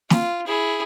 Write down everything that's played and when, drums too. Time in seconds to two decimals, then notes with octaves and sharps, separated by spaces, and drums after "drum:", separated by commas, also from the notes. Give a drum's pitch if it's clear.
0.10 F4, drum: snare
0.47 E4 G#4